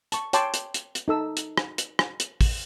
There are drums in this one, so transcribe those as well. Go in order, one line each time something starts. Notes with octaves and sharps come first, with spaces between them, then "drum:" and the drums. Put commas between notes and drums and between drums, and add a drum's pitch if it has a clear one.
A5 C#6, drum: hi-hat
C#5 G5 A5 C6 D6, drum: hi-hat
drum: hi-hat
drum: hi-hat
drum: hi-hat
D#4 A4 E6
drum: hi-hat
drum: rim click
drum: hi-hat
drum: rim click
drum: hi-hat
drum: kick, open hi-hat